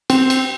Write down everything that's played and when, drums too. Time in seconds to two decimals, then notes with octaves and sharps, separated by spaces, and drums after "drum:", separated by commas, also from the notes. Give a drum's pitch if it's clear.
0.10 C4, drum: cymbal
0.30 drum: cymbal